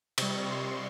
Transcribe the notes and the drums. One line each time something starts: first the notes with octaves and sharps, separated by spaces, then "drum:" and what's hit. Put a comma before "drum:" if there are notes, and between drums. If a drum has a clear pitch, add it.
C3 G3 C#6, drum: cymbal
C6